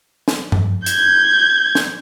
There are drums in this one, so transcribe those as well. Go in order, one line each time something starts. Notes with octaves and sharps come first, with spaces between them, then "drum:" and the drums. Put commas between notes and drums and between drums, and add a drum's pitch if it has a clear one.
drum: snare
drum: tom G2
G6 G#6, drum: hi-hat
drum: snare